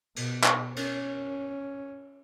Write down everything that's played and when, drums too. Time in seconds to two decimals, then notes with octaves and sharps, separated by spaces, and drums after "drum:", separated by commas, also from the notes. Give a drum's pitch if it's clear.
0.16 B2, drum: cymbal
0.44 drum: clap
0.76 C#4, drum: cymbal